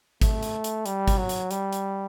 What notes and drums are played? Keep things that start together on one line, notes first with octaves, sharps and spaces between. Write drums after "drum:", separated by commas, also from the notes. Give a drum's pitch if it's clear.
A3, drum: kick, hi-hat
drum: hi-hat
drum: hi-hat
G3, drum: hi-hat
drum: kick, hi-hat
F#3
drum: hi-hat
G3, drum: hi-hat
drum: hi-hat